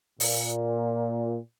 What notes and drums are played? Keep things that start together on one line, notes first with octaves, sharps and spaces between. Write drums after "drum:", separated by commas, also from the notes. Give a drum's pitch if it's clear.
A#2, drum: open hi-hat